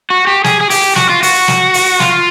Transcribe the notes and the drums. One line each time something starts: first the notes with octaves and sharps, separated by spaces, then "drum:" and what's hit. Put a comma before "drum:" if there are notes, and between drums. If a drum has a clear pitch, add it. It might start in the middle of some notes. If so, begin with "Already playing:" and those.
F#4
G4
G#4, drum: snare
G#4
G4, drum: open hi-hat
F#4, drum: snare
F4
F#4, drum: open hi-hat
drum: snare
drum: open hi-hat
F4, drum: snare